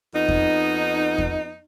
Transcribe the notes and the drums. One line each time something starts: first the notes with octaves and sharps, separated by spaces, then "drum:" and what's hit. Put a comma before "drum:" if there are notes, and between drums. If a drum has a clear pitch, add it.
F2 B3 D#4
drum: kick E2
drum: kick E2